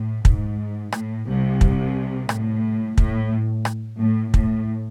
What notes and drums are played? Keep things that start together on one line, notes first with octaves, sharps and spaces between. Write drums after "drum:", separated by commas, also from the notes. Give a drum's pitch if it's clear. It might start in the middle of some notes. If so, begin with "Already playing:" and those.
Already playing: A2
G#2, drum: kick
A2, drum: rim click
C2 C3
drum: kick
A2, drum: rim click
A2, drum: kick
drum: rim click
A2
A2, drum: kick